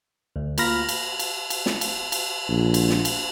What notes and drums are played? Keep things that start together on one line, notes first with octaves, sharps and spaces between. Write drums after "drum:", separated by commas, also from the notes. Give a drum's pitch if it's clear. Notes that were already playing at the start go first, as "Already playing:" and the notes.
D2
A#3 F4 A#5 B5 F6 A#6, drum: cymbal
drum: cymbal
drum: cymbal
drum: cymbal
drum: snare
drum: cymbal
drum: cymbal
A#1
drum: cymbal
drum: snare
drum: cymbal